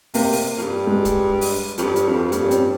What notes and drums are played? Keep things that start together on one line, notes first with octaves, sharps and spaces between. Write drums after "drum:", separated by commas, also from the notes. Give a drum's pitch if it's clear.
C3 A#3, drum: open hi-hat
drum: open hi-hat
F2
G2
G#3
drum: kick C#1, hi-hat
drum: open hi-hat
F2, drum: hi-hat
G2
drum: hi-hat
F2
G2 A#3, drum: hi-hat
C#4
C4, drum: hi-hat